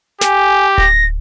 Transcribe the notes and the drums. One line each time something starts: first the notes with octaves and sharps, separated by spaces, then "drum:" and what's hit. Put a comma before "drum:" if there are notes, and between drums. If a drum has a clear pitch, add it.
G4 G#5, drum: snare
A#6, drum: kick D1